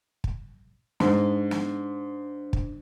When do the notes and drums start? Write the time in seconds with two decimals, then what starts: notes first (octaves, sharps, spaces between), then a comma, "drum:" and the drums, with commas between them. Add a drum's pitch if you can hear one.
0.24 drum: kick
1.00 G#2 D4, drum: snare
1.51 drum: snare
2.53 drum: kick